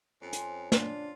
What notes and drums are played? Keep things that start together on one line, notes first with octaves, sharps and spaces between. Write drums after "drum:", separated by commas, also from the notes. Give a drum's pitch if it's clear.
F2 C4 C#4
drum: hi-hat
D4 F4, drum: snare